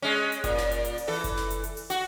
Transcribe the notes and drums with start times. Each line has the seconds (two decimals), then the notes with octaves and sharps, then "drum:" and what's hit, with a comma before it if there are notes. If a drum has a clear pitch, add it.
0.02 G#3 C#4
0.32 drum: hi-hat
0.44 A#2, drum: kick F#1, hi-hat
0.58 drum: snare
0.71 drum: hi-hat
0.85 drum: hi-hat
0.98 drum: open hi-hat
1.07 E3 A4
1.24 drum: kick F#1, hi-hat
1.37 drum: snare
1.50 drum: hi-hat
1.64 drum: hi-hat
1.77 drum: open hi-hat
1.90 F#4, drum: hi-hat